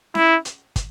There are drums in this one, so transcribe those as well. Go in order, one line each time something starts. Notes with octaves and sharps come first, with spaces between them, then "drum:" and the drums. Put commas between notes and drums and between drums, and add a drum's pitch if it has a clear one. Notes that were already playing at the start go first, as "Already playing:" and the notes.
E4, drum: snare C#4
drum: hi-hat
drum: kick, hi-hat